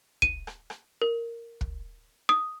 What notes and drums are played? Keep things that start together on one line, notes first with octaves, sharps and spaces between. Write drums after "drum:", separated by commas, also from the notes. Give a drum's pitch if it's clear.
D#7, drum: kick
drum: rim click
drum: rim click
A#4
drum: kick
D#6